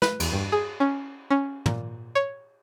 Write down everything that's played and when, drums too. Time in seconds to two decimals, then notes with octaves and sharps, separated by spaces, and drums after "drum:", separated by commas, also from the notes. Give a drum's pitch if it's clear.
0.02 B4, drum: snare
0.20 E2, drum: cymbal
0.32 G2
0.52 G#4
0.80 C#4
1.30 C#4
1.66 A#2, drum: tom
2.15 C#5